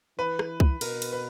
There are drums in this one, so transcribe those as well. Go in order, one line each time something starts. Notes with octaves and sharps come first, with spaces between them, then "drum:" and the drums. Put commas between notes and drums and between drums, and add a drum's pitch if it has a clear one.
E3 B4
drum: rim click
drum: kick C2
B2 A#4, drum: cymbal
drum: cymbal
B4